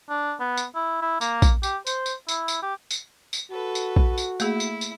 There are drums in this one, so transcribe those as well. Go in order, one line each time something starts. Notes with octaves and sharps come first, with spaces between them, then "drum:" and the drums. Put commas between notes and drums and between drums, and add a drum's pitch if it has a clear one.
D4
B3
drum: tambourine
E4
E4
A#3, drum: tambourine
drum: kick A#1, tambourine
G4, drum: tambourine
C5, drum: tambourine
drum: tambourine
E4, drum: tambourine
drum: tambourine
G4
drum: tambourine
drum: tambourine
F#4 A4 B4
drum: tambourine
drum: kick A#1
drum: tambourine
A3 A#3 E4 G#4, drum: tambourine
drum: tambourine
drum: tambourine